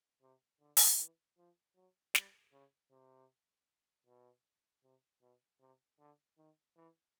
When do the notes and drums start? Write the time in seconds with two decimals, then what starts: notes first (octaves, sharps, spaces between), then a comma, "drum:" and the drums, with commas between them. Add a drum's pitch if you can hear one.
0.22 C3
0.60 D3
0.77 drum: open hi-hat
0.98 E3
1.38 F3
1.76 F#3
2.15 G3, drum: snare
2.52 C#3
2.91 C3
4.06 B2
4.84 C3
5.22 B2
5.60 C3
5.99 D3
6.38 D#3
6.76 E3